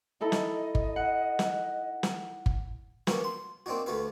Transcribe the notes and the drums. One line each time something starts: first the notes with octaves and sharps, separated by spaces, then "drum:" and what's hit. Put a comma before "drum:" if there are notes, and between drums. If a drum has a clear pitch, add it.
D#4 E4 A4 D#5
drum: snare
drum: kick G1
F#5
drum: snare
drum: snare
drum: kick G1
A#3 B3 C#4 F#4 B4, drum: snare
C6
A#3 C4 D4 D#4 F#4
D2 A3 F#4 B4 F5